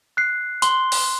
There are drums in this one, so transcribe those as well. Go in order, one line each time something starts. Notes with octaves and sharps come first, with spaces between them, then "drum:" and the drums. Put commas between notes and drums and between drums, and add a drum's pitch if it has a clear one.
F#6 C7
C6 G7, drum: hi-hat
drum: open hi-hat